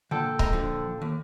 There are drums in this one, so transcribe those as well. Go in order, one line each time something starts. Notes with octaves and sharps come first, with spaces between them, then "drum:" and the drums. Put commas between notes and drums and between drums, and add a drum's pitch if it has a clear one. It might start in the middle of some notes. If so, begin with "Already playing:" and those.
A#2 D3 A4 G5
G#3 D#5 A#5, drum: kick C#1
D3 F3
D#2